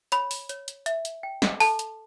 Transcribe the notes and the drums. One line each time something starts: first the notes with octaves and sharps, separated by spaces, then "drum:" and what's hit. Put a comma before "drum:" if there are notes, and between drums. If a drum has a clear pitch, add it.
C#5 B5, drum: hi-hat
drum: open hi-hat
C#5, drum: hi-hat
drum: hi-hat
E5, drum: hi-hat
drum: hi-hat
G5
drum: snare
A4 A5, drum: open hi-hat
drum: hi-hat